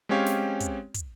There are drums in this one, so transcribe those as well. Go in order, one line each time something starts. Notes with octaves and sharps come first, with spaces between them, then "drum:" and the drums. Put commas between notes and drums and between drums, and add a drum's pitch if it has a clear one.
G#3 C4 C#4 G4 C#5 F5
drum: snare
drum: kick, hi-hat
drum: kick, hi-hat